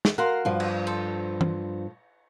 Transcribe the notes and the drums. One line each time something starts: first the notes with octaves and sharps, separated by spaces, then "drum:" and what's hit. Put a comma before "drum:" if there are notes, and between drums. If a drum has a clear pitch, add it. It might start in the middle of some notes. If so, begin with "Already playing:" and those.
drum: snare
F#4 A#4 F5 C6
G2 F3
drum: cymbal
A4 C5
drum: tom